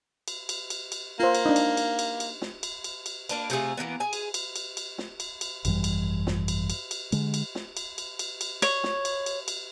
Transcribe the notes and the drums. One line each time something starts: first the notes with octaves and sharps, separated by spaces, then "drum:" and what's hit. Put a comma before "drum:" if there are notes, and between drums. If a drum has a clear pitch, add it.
drum: cymbal
drum: cymbal
drum: cymbal
drum: cymbal
A#3 F4 C5
drum: cymbal
D4 D#4
drum: cymbal
drum: cymbal
drum: cymbal
drum: cymbal
drum: snare
drum: cymbal
drum: cymbal
drum: cymbal
A#3 D4 B4, drum: cymbal
C3 A3 F4 G#4, drum: cymbal
E3 F3 A#3 B3
G#4 G#5
drum: cymbal
drum: cymbal
drum: cymbal
drum: cymbal
drum: snare
drum: cymbal
drum: cymbal
G#1 F#2 E3 G3, drum: cymbal
drum: cymbal
drum: snare
drum: cymbal
drum: cymbal
drum: cymbal
D3 G#3, drum: cymbal
drum: cymbal
drum: snare
drum: cymbal
drum: cymbal
drum: cymbal
drum: cymbal
C#5, drum: cymbal
drum: snare
drum: cymbal
drum: cymbal
drum: cymbal